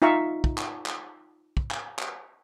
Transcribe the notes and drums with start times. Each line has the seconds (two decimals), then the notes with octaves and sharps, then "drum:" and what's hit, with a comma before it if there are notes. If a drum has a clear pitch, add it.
0.02 D#4 F4 E5 F5 A#5 C#6
0.44 drum: kick
0.58 drum: clap
0.86 drum: clap
1.57 drum: kick
1.71 drum: clap
1.99 drum: clap